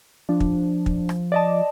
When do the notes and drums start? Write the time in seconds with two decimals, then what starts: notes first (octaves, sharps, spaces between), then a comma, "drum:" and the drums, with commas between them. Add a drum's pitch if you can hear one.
0.29 F3 D4
0.40 drum: kick
0.86 drum: kick
1.09 drum: rim click
1.32 D5 D#5 A5